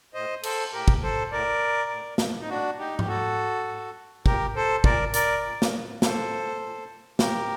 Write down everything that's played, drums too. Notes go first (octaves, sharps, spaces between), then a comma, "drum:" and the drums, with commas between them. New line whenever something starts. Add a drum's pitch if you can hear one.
A2 C5 D#5
A4 C5, drum: cymbal
A2 G4 A#4
drum: kick
A4 C5
A2 A#4 D5
A2
drum: snare
D#4
A2 D4 F#4
D#4 G4
G4, drum: tom G#2
A2 F#4 A4
A2
A#2 G4 A#4, drum: kick
A4 C5
A#2 A#4 D5, drum: kick
A#4 D5, drum: hi-hat
A#2
drum: snare
A#2 A4 C5, drum: snare
A#2
A#2 G4 A#4, drum: snare